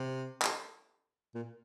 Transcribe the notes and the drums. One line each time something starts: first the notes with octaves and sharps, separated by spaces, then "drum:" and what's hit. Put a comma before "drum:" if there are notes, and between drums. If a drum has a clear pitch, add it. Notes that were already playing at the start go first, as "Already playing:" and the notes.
Already playing: C3
drum: clap
A#2